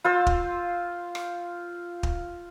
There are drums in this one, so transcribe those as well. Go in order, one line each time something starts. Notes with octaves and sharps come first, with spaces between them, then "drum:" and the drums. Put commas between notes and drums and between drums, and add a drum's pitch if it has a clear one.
F4 C5 E6
drum: kick
drum: rim click
drum: kick